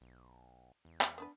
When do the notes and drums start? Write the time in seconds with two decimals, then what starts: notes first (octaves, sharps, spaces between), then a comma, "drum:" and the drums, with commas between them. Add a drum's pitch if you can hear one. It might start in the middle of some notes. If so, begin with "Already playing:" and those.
0.01 B1
0.85 E2
1.01 drum: clap
1.18 B3 D4 B4